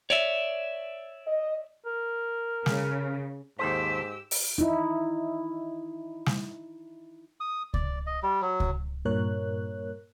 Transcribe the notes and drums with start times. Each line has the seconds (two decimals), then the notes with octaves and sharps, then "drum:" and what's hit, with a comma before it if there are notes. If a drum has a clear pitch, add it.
0.10 C#5 D5 E5
1.27 D#5
1.86 A#4
2.66 C#3, drum: snare
3.59 D#2 G#2 G4 A4 C5 E6 B6
4.31 drum: open hi-hat
4.58 D#4 E4
6.26 drum: snare
7.40 D#6
7.74 D5, drum: kick C#2
8.07 D#5
8.23 G3
8.42 F#3
8.60 drum: kick C#2
9.05 G2 A#2 A#4 C#5 F#6